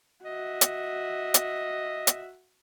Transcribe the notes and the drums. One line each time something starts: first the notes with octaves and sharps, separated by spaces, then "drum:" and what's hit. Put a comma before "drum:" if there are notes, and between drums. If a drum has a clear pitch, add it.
F#4 D#5 E5
drum: hi-hat
drum: hi-hat
drum: hi-hat